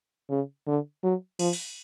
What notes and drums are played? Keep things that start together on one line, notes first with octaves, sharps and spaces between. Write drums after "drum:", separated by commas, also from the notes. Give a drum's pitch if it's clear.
C#3
D3
F#3
F3, drum: cymbal
drum: open hi-hat